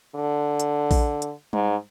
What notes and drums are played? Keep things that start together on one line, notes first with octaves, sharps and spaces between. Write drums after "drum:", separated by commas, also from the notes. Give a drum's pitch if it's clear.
D3
drum: hi-hat
drum: kick A#1, open hi-hat
drum: hi-hat
G#2, drum: tom G3